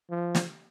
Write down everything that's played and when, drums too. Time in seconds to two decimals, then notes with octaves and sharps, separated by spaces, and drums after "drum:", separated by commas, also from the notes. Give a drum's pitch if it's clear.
0.10 F3
0.35 drum: snare